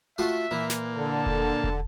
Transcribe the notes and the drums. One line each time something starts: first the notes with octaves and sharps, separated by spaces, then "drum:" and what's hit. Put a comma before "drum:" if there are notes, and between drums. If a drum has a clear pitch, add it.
A3 F4 F#4 E5
A#2 E3 A#3
drum: snare
D3 A5
drum: kick E1
drum: kick E1